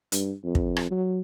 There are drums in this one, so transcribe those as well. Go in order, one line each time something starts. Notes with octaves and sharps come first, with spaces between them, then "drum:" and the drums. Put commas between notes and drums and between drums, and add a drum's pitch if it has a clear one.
G2, drum: hi-hat
F2
drum: kick
drum: rim click
F#3